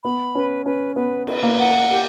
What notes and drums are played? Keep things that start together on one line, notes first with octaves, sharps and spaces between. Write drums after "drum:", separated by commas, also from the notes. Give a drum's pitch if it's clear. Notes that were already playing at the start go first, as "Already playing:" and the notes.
B3 B5
C#4 B4
C#4 B4
B3 B4
B4, drum: cymbal
A#3
F#5
G4